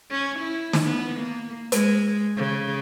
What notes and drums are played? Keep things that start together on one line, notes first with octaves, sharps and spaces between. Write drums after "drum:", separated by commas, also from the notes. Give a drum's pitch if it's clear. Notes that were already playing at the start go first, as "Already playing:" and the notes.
C#4
E4
drum: snare
B3
A#3
G#3, drum: hi-hat
C#3